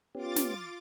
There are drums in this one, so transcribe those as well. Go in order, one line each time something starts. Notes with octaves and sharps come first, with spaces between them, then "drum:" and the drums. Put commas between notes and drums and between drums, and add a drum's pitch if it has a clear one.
B3 C#4 F4 G4 D6 A6
drum: snare